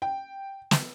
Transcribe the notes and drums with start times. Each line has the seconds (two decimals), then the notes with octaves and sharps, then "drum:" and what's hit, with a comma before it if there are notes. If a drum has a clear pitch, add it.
0.02 G5
0.71 drum: snare